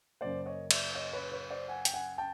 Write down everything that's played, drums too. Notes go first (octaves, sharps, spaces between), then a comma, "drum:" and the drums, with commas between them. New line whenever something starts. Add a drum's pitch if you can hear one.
F#2 C#3 F#3 A#3 C5 D5
C#5 D#5
D5 E5, drum: cymbal
C#5 D#5
B4 C#5
B4 C#5
C5 D5
F#5 G#5
G5, drum: hi-hat
F#5 G#5
G5 A5